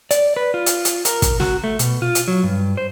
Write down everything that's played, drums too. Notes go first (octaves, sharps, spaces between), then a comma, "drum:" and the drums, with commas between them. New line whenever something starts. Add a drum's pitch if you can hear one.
D5, drum: hi-hat
B4
F4
drum: hi-hat
drum: hi-hat
A#4, drum: hi-hat
drum: kick, hi-hat
F#4, drum: snare
A3
B2, drum: hi-hat
F4
drum: hi-hat
F#3
G2
C5